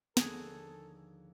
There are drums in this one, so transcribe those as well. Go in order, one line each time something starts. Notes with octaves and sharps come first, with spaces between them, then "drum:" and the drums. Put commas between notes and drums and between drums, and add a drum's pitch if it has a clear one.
D#2 D3 F3 F#4 G#4 A4, drum: snare